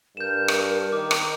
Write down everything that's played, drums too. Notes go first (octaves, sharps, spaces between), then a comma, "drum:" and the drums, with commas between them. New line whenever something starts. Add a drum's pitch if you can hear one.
G2 A#4 G6 E7
drum: rim click
D#3 D6
drum: rim click